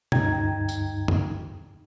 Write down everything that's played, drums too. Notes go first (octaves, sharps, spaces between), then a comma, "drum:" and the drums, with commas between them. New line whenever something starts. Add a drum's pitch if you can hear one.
D2 G2 D#4 G5 A#5 G#6, drum: tom
drum: tambourine
drum: tom F2